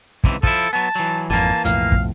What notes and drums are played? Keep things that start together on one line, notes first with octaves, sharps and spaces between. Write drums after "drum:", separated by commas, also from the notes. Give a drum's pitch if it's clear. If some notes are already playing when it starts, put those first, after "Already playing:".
C#2 C3 E3, drum: kick
F3 E4 A4, drum: kick
F#3 B3 A5
E3 F#3
G#1 F2 E3 A#3 A5
B1 F2 A2 F5, drum: hi-hat
drum: kick